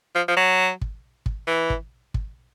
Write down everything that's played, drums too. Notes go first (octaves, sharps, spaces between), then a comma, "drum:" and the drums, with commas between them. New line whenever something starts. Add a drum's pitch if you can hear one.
F3
F3
F#3
drum: kick
drum: kick
E3
drum: kick
drum: kick